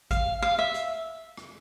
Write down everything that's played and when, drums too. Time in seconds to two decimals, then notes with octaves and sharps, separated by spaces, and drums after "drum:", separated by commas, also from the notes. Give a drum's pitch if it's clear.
0.11 F5, drum: kick G#1, hi-hat
0.42 F5
0.59 E5
0.74 drum: hi-hat
1.37 drum: rim click